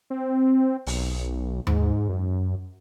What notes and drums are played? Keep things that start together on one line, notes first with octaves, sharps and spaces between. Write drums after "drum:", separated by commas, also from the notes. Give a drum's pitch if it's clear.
C4
B1, drum: open hi-hat
G#2, drum: tom D#2
F#2